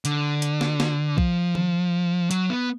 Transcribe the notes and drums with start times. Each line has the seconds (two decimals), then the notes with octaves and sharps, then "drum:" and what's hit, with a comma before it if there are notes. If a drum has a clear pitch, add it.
0.05 D3, drum: hi-hat
0.42 drum: hi-hat
0.61 drum: snare
0.80 drum: snare
1.18 F3, drum: kick B1
1.55 drum: tom D#3
2.31 F#3, drum: hi-hat
2.50 B3